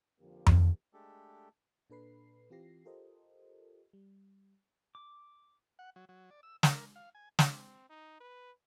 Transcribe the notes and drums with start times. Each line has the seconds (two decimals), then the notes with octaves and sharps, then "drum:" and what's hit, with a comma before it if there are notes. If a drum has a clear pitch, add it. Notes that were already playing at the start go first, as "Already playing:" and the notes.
0.20 F2 D3 F3 A#3 G4
0.46 drum: tom F2
0.93 G#3 A3 D4 G4 A4
1.90 A#2 D4 A4 B4 B5 C7
2.50 E3 C4 F4 G4 A#6 C7
2.85 F4 G4 A4 A#4 C5 D#5
3.93 G3
4.95 D6
5.79 F#5
5.96 F#3
6.09 F#3
6.31 D5
6.43 E6
6.63 A#4, drum: snare
6.96 F5
7.15 G#5
7.39 drum: snare
7.51 C4
7.90 D#4
8.20 B4